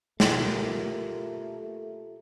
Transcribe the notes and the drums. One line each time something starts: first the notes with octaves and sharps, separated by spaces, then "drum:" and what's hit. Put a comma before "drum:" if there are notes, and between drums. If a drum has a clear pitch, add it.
B2 A3 A#3 F4 G4 A4, drum: snare